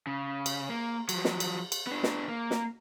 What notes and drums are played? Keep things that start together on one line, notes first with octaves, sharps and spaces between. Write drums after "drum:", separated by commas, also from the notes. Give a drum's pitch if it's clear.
C#3
drum: cymbal
A#3
F3 F#3, drum: cymbal
drum: snare
drum: cymbal
drum: cymbal
B3 D4
drum: snare
A#3
drum: snare